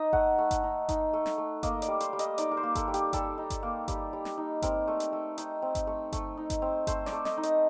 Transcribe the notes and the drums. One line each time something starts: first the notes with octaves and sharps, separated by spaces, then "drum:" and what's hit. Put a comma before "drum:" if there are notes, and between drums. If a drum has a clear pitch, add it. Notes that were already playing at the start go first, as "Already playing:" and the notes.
Already playing: D#4 D#5
A3 F#5, drum: kick G1
A3
drum: kick G1, hi-hat
D#4
D#4, drum: kick G1, hi-hat
A3
drum: snare
A3
A#3 D#5, drum: kick G1, hi-hat
D5, drum: hi-hat
G3
C5, drum: hi-hat
G3
D#5, drum: hi-hat
D#4 D5, drum: hi-hat
A#4
C5
A#3
A4, drum: kick G1, hi-hat
G3
G4, drum: hi-hat
G3 A4, drum: kick G1, hi-hat
D#4
drum: kick G1, hi-hat
A#3
G3, drum: kick G1, hi-hat
G3
drum: snare
D#4
C4 A#4, drum: kick G1, hi-hat
A3
drum: hi-hat
A3
D#4, drum: hi-hat
C4
drum: kick G1, hi-hat
A3
A3, drum: kick G1, hi-hat
D#4
drum: kick G1, hi-hat
C4
A3 C5, drum: kick G1, hi-hat
D5, drum: snare
A3
D#5, drum: snare
D#4
D#5, drum: hi-hat